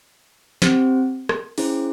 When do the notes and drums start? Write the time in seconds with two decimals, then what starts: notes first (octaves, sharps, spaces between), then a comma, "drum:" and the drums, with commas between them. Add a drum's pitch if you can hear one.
0.62 C4 G4 C5, drum: snare
1.29 drum: rim click
1.58 C#4 E4 G#4 C5, drum: open hi-hat